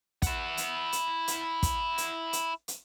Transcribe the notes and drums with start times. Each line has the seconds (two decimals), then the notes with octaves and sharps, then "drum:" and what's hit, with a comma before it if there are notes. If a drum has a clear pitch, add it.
0.22 E4 F#5, drum: kick, hi-hat
0.57 drum: hi-hat
0.92 drum: hi-hat
1.28 drum: hi-hat
1.63 drum: kick, hi-hat
1.98 drum: hi-hat
2.33 drum: hi-hat
2.68 drum: hi-hat